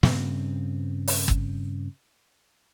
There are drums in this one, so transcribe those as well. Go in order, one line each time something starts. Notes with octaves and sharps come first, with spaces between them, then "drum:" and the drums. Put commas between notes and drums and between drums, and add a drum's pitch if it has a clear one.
G2 C#3 C4, drum: snare
drum: open hi-hat
drum: kick